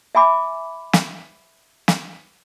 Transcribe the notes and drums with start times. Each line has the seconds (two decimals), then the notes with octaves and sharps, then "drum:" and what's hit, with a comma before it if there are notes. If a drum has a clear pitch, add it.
0.15 E5 G#5 B5 D6
0.93 drum: snare
1.88 drum: snare